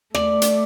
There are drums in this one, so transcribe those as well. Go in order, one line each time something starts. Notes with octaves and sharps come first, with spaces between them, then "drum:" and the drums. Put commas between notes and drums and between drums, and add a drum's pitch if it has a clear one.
A3 D5, drum: rim click
drum: hi-hat